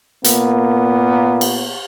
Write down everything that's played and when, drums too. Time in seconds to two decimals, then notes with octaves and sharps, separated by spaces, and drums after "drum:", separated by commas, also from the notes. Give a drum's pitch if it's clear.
0.24 A#2 A#3 B3, drum: hi-hat
1.41 drum: cymbal